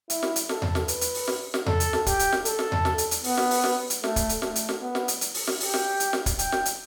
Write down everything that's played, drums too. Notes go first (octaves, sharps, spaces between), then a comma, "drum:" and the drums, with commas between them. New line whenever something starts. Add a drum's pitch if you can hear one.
E4, drum: hi-hat
drum: snare
drum: hi-hat
A4, drum: snare
drum: tom E2
drum: snare
B4, drum: hi-hat
drum: hi-hat
drum: open hi-hat
drum: snare
drum: snare
A4, drum: tom E2
drum: hi-hat
drum: snare
G4, drum: kick, hi-hat
drum: hi-hat
drum: snare
A4, drum: hi-hat
drum: snare
drum: tom E2
drum: snare
drum: hi-hat
drum: hi-hat
B3, drum: open hi-hat
drum: snare
drum: open hi-hat
drum: snare
drum: hi-hat
A3, drum: snare
drum: kick, hi-hat
drum: hi-hat
A3, drum: snare
drum: hi-hat
drum: snare
B3
drum: snare
drum: hi-hat
drum: hi-hat
drum: open hi-hat
drum: snare
G4, drum: open hi-hat
drum: snare
drum: hi-hat
drum: snare
drum: kick, hi-hat
G5, drum: hi-hat
drum: snare
drum: hi-hat